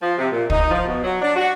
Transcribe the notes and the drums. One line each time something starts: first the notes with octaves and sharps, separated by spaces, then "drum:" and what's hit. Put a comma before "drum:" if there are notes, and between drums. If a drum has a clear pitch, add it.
F3
C3
A#2
D#4, drum: kick
F3
B2
F#3
D4
F#4